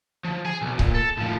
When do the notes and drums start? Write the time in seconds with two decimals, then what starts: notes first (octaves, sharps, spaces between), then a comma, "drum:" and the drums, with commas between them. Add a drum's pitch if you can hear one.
0.24 F3
0.45 G#4 G#5
0.62 B1
0.79 A#2, drum: kick C#1
0.95 A4
1.17 A2 F3